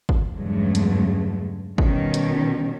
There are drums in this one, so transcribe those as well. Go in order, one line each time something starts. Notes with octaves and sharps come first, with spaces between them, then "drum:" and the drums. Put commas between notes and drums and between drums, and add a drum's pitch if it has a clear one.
drum: kick
E2 G2 C#3 F#3 G#3 A3
drum: hi-hat
B2 D#3 G3 C#4, drum: kick
drum: hi-hat